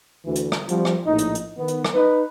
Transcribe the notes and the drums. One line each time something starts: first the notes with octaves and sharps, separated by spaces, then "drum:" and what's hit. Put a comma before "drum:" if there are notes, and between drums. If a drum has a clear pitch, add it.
D2 E3
drum: hi-hat
drum: rim click
F3 G3 C4 F#4, drum: hi-hat
drum: rim click
A#1 A2 D#4
drum: hi-hat
drum: hi-hat
D#3 B3
drum: hi-hat
drum: rim click
D#4 B4